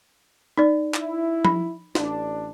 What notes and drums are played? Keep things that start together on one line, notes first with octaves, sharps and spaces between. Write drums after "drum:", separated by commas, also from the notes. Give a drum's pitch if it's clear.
D#4 D5
E4, drum: clap
B5, drum: tom F3
A1 D4, drum: snare